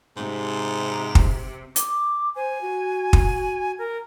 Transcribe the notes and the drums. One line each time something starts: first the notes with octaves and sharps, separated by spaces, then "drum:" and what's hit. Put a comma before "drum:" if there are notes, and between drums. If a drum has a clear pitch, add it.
G#2 C3
drum: kick
D6, drum: hi-hat
C5 G#5
F#4
drum: kick
A#4